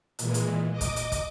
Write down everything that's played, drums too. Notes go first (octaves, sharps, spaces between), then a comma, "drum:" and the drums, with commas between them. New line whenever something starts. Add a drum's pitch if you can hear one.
A#2 E3 G#3, drum: hi-hat
drum: hi-hat
D#5 D6
drum: kick, hi-hat
drum: hi-hat
drum: kick, hi-hat